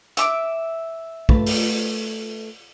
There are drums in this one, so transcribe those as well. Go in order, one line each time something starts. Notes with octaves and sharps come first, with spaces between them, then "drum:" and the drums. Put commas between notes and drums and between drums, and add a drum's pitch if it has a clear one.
E5 D6, drum: hi-hat
A3 F4 B4, drum: kick
drum: open hi-hat